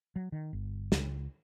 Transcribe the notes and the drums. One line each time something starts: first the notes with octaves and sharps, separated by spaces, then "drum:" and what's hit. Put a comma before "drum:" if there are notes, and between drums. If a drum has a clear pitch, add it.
F#3
D#3
G1
C#2, drum: snare